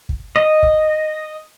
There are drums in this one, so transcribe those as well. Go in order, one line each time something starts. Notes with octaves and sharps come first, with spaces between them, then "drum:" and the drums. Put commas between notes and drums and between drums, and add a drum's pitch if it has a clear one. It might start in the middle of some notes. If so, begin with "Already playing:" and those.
drum: kick
D#5
drum: kick